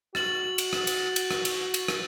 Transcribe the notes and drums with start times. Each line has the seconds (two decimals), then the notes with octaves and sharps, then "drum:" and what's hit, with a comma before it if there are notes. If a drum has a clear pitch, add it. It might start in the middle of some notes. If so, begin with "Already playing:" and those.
0.15 F#4 A6 F#7, drum: rim click
0.58 drum: cymbal
0.73 drum: rim click
0.87 drum: cymbal
1.16 drum: cymbal
1.31 drum: rim click
1.45 drum: cymbal
1.74 drum: cymbal
1.88 drum: rim click